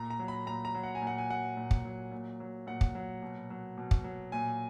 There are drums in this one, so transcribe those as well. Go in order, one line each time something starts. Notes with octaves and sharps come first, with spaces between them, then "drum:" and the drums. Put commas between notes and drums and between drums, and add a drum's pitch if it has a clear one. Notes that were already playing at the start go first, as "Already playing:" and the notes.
Already playing: A#2 A#5
A#5
F#3
B5
A#2 A#5
A#5
F#3
F#5
G#5
A#2
F#5
G#5
F#3 F#5
A#2
drum: kick
F#3
A#2
F#3
A#2 F#5
drum: kick
F#3
B2
F#3
B2
drum: kick
F#3
A#2 G#5